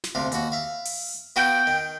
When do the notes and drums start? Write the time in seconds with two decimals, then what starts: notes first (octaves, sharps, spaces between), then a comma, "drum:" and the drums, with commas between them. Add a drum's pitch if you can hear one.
0.04 drum: snare
0.15 D2 C3 F5
0.32 D#2 F#4, drum: hi-hat
0.52 E5 F5
0.85 drum: open hi-hat
1.36 B3 F#4 F5 G5
1.67 D#3